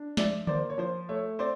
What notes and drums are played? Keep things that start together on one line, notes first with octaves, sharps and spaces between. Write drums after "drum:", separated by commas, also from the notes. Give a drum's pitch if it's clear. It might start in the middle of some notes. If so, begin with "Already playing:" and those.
Already playing: D4
F3 D5 E5, drum: snare
A#3 C5 D5, drum: tom D3
C#5
F3 C5
A3 C#5
C4 C5 D5